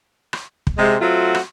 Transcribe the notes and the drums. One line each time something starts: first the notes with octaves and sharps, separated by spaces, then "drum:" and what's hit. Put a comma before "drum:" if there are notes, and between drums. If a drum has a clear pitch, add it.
drum: rim click
drum: kick
C3 G#3
F#3 A3 C4 F4 F#4
drum: rim click